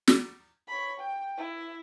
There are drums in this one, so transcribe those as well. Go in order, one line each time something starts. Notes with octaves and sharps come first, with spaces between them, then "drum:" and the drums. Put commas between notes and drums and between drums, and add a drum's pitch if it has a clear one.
drum: snare
C#5 B5
G5
E4